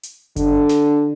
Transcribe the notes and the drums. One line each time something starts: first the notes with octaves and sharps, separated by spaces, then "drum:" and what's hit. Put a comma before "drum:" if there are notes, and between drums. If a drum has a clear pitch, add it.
drum: hi-hat
D3, drum: kick F#1, hi-hat
drum: snare